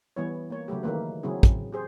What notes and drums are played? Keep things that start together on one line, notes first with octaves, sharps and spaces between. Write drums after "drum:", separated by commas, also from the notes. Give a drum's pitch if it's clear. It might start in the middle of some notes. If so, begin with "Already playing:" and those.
E3 G3 B3 E4 C#5
A#3 C#5
C#3 F#3 A3 G4
D#3 E3 A3 A#3 B4
C#3 F#3 C4 C#4 E4 G#4
drum: kick
G4 G#4 C5